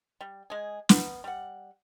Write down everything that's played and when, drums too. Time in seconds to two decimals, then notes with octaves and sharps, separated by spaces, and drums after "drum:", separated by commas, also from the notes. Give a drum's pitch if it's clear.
0.21 G3
0.50 G#3 G#4
0.89 B3, drum: snare
1.24 G3 F#5